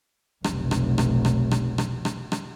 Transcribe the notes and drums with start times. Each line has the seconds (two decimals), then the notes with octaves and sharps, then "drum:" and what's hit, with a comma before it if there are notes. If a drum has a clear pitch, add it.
0.44 F1 B1, drum: rim click
0.71 drum: rim click
0.98 drum: rim click
1.25 drum: rim click
1.51 drum: rim click
1.78 drum: rim click
2.05 drum: rim click
2.32 drum: rim click